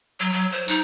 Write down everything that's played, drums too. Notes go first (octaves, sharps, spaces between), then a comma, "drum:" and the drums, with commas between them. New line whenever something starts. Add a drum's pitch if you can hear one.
F#3
F#3
C5
D#4, drum: tambourine